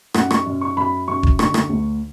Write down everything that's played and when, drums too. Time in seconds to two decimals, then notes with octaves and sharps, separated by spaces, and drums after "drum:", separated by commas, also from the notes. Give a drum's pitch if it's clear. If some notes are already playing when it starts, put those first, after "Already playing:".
0.14 F#2 F#5, drum: rim click
0.31 C#6, drum: rim click
0.46 F#2
0.61 C#6
0.76 F#2 B5
1.08 F#2 C#6
1.23 drum: kick E1
1.39 D3 C#6, drum: rim click
1.54 drum: rim click
1.70 D2